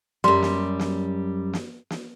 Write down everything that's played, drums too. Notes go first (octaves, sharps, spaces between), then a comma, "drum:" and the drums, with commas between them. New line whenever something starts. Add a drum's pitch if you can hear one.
F#2 G3 C6
drum: snare
drum: snare
drum: snare
drum: snare